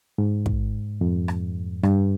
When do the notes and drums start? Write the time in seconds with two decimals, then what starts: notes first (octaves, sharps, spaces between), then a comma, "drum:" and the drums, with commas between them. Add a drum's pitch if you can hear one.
0.18 G#2
0.46 drum: kick
1.01 F2
1.28 drum: rim click
1.83 G2, drum: rim click